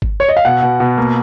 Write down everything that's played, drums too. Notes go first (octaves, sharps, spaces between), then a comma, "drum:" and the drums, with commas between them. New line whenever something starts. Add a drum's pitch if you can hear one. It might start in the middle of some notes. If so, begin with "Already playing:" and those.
drum: kick G1
C#5
D#5
F5
B2 F#5
B2
B2
A#3